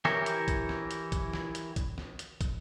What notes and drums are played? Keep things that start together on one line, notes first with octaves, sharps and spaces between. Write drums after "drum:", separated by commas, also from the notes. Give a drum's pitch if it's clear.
E3 E4 G4 A#4 C#5, drum: snare
drum: hi-hat
drum: kick, hi-hat
drum: snare
drum: hi-hat
drum: kick, hi-hat
drum: snare
drum: hi-hat
drum: kick, hi-hat
drum: snare
drum: hi-hat
drum: kick, hi-hat